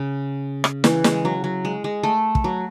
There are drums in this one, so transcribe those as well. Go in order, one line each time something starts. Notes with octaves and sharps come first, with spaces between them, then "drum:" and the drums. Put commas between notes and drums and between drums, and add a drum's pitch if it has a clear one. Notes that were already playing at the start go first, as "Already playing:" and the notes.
Already playing: C#3
drum: rim click
E3, drum: snare
G#3, drum: snare
F#3
F#3
G#3
G#3
A3
drum: kick
F#3